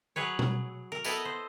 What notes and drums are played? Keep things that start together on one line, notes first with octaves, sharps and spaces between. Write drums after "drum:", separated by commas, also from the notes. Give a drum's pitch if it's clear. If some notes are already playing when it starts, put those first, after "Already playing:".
F#3 G#4 B4 C#5
drum: tom
A#4
B3 E4 A4 B4 D#5 A#5, drum: tambourine
C5